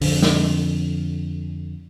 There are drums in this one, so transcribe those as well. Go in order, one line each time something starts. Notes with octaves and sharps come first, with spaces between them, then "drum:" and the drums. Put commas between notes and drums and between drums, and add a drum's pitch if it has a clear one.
F2 D3, drum: open hi-hat
drum: snare